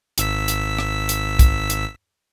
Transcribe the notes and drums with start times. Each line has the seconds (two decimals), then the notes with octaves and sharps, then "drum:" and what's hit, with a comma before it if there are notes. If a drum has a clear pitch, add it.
0.18 G#1 E6 B6, drum: hi-hat
0.48 drum: hi-hat
0.79 drum: rim click
1.09 drum: hi-hat
1.39 drum: kick, hi-hat
1.70 drum: hi-hat